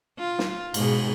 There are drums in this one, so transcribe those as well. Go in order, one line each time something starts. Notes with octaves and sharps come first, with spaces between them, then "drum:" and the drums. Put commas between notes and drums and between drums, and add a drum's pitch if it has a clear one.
F4
drum: snare
G#2 B2 G#4, drum: cymbal